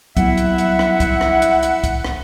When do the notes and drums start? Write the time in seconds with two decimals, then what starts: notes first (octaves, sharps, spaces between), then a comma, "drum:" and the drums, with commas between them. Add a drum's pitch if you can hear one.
0.17 F#3 G3 B3 E4 E5 F#5, drum: kick C2, hi-hat
0.37 drum: hi-hat
0.58 drum: hi-hat
0.79 drum: rim click
1.00 drum: kick C2, hi-hat
1.21 drum: rim click
1.42 drum: hi-hat
1.63 drum: hi-hat
1.84 drum: kick C2, hi-hat
2.04 drum: rim click